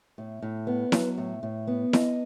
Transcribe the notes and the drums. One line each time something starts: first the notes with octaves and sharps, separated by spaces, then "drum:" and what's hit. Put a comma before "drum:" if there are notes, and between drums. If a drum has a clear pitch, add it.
A2
A2
B3
F#3, drum: snare E4
A2
A2
B3
D#5, drum: snare E4